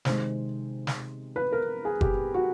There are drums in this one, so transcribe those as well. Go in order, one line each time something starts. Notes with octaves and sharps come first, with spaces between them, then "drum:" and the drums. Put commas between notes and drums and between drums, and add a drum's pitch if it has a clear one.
C3 D#3 G#3 C5, drum: snare
drum: snare
B4
A#4
G#4
G4, drum: kick F#1
F#4